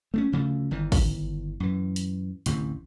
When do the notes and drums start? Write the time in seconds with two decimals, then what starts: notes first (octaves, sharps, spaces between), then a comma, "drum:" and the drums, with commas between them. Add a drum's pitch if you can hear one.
0.14 A3 B3 C#4
0.32 D2 C#3 F3 A3
0.71 G1 D#3 E3
0.92 drum: kick A1, open hi-hat
1.60 F#2 E3
1.96 drum: hi-hat
2.46 A1 D2 C3 E3, drum: hi-hat